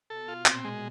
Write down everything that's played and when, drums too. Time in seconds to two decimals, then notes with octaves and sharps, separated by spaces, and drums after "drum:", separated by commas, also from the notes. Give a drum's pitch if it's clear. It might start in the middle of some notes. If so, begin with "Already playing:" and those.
0.10 B2 A4
0.28 F4
0.46 A#2 C4, drum: clap
0.65 G#3